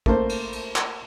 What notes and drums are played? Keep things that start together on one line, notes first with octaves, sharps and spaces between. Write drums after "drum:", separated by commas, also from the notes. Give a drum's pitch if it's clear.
A3 A#3 C5, drum: kick
drum: cymbal
drum: cymbal
drum: clap